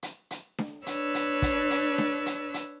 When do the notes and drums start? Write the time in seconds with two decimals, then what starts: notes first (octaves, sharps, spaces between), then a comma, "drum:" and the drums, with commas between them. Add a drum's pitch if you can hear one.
0.03 drum: hi-hat
0.31 drum: hi-hat
0.58 drum: snare D4
0.86 D4 B4 C#5 E6, drum: hi-hat
1.14 drum: hi-hat
1.42 drum: kick, hi-hat
1.70 drum: hi-hat
1.98 drum: snare D4
2.26 drum: hi-hat
2.54 drum: hi-hat